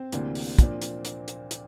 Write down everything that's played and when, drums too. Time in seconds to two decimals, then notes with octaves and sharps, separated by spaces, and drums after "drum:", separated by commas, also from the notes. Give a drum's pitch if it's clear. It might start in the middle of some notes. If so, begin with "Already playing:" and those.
Already playing: C4 C5
0.12 D2 C3 E3 A#3 D4, drum: hi-hat
0.35 drum: open hi-hat
0.59 A#2 F3 A#3 D4, drum: kick, hi-hat
0.82 drum: hi-hat
1.05 drum: hi-hat
1.28 drum: hi-hat
1.51 drum: hi-hat